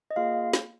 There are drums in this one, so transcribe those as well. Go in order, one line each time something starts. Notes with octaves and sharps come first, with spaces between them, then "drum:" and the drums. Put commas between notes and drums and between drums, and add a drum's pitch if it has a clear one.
D#5
A#3 F4 G#4 F5
drum: snare